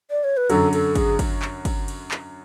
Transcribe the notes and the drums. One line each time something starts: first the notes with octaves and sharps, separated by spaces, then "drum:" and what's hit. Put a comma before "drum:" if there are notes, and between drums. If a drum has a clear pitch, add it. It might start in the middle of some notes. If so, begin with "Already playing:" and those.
D5
C#5
B4
F#2 D3 F#3 A4, drum: cymbal
A4, drum: cymbal
G#4, drum: kick, cymbal
drum: kick, cymbal
drum: clap
drum: kick, cymbal
drum: cymbal
drum: clap